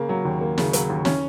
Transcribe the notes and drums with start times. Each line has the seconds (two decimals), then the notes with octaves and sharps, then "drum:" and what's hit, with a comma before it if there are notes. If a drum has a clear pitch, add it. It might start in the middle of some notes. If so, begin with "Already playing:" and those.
Already playing: C#3 A#3
0.09 F#3
0.25 D#2
0.41 A#3
0.58 C#3, drum: snare
0.73 F#3, drum: hi-hat
0.90 D#2
1.05 C#4, drum: snare